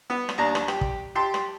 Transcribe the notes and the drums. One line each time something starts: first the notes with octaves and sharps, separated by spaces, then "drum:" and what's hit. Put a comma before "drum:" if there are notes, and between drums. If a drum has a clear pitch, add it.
B3
drum: rim click
D#2 D4 A#5
drum: rim click
G4, drum: rim click
drum: kick
G4 A5 C6
drum: rim click